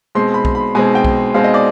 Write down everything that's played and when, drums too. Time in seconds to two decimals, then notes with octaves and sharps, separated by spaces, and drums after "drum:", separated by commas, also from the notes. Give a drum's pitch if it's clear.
0.15 B2 G#3 C4 C6
0.34 B5
0.45 drum: kick B1
0.55 B5
0.75 B2 G#3 C4 G#5
0.95 G5
1.04 drum: kick B1
1.34 B2 G#3 C4 F5
1.44 D#5
1.54 D5